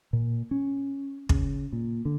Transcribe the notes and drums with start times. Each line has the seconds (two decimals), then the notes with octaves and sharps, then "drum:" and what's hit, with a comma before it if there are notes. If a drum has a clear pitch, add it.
0.13 A#2
0.51 C#4
1.29 C#3, drum: kick
1.73 A#2
2.05 D3